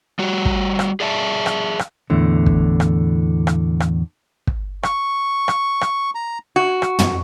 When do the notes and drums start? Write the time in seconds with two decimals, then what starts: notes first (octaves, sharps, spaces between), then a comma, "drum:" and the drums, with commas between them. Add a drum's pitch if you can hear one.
0.19 G3 F#4
0.45 drum: kick
0.79 drum: rim click
1.00 G#4 D5 E5 A5
1.46 drum: rim click
1.79 drum: rim click
2.10 E2 A2 D3
2.46 drum: kick
2.80 drum: rim click
3.47 drum: rim click
3.80 drum: rim click
4.47 drum: kick
4.83 C#6, drum: rim click
5.48 drum: rim click
5.81 drum: rim click
6.15 A#5
6.56 F#4
6.82 drum: rim click
6.99 drum: tom